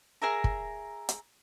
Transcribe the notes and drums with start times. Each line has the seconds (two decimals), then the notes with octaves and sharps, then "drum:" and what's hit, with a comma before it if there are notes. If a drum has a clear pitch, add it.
0.22 G#4 A#4 E5 A#5
0.44 drum: kick
1.09 drum: hi-hat